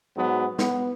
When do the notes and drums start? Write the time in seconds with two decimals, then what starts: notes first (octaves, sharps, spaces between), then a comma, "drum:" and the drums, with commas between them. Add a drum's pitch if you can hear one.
0.16 G#2 F#3 B3
0.58 B3, drum: snare